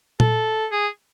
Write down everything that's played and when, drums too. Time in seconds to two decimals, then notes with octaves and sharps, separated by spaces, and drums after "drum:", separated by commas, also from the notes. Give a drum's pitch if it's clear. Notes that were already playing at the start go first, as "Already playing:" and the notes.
0.20 A4, drum: tom A#2
0.72 G#4